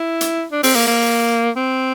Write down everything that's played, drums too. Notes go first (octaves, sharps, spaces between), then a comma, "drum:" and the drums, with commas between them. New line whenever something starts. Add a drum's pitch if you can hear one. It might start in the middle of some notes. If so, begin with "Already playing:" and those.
Already playing: E4
drum: hi-hat
D4
C4, drum: open hi-hat
A#3
A#3
C4